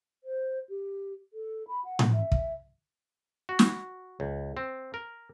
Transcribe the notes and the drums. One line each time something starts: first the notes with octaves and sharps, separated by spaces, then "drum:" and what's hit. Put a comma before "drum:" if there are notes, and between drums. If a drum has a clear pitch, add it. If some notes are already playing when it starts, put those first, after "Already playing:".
C5
G4
A4
B5
F#5
drum: tom A2
E5
drum: kick
F#4
drum: snare
C#2
C4
A#4